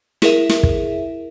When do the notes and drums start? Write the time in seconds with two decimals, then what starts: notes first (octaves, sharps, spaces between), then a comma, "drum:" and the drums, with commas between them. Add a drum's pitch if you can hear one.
0.22 E4 G#4 A#4 E5, drum: snare
0.49 drum: snare
0.63 drum: kick